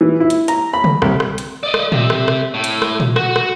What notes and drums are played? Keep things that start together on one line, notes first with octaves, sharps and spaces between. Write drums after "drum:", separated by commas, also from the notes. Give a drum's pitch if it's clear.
E3
E4
drum: hi-hat
A#5, drum: hi-hat
B5
drum: tom C#3
C2, drum: rim click
drum: rim click
drum: hi-hat
D5 D#5
drum: rim click
C3, drum: tom A#2
drum: rim click
drum: rim click
A2
drum: hi-hat
drum: rim click
drum: tom A#2
F#4, drum: rim click
drum: rim click